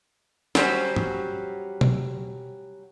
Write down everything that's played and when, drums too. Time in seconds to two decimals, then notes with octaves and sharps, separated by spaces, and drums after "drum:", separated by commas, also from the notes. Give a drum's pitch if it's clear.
0.55 F#3 G3 C#4 F#4 G4 C5, drum: snare
0.96 drum: tom G2
1.81 drum: tom B2